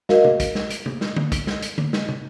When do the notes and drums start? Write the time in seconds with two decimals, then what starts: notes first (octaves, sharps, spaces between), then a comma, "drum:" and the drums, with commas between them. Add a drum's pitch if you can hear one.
0.09 F#4 A#4 D#5 F5, drum: snare
0.24 drum: tom C3
0.40 drum: kick, hi-hat
0.55 drum: snare
0.70 drum: hi-hat
0.86 drum: tom C3
1.01 drum: snare
1.16 drum: tom D3
1.32 drum: kick, hi-hat
1.47 drum: snare
1.62 drum: hi-hat
1.78 drum: tom D3
1.93 drum: snare
2.09 drum: tom